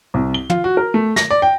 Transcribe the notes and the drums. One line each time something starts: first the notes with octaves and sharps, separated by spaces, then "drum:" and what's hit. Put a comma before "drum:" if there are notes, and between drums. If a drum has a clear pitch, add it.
C2
G7
F4, drum: tom
F#4
A#4
A3
A#6, drum: snare
D5
G5